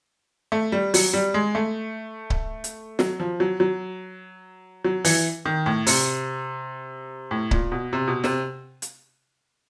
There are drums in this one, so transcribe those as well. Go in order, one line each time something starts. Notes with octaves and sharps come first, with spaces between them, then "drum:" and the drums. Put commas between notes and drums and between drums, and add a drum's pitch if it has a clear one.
A3
G3
F#3, drum: open hi-hat
G3
G#3
A3
drum: kick C#1
drum: hi-hat
F#3, drum: snare
F3
F#3
F#3
F#3
E3, drum: open hi-hat
D#3
A2
C3, drum: open hi-hat
A2
A#2, drum: kick C#1
B2
C3
B2
C3, drum: snare
drum: hi-hat